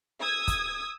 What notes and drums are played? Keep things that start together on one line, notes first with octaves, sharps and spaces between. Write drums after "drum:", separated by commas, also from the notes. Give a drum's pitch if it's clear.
D#6 E6 G#6
drum: kick, hi-hat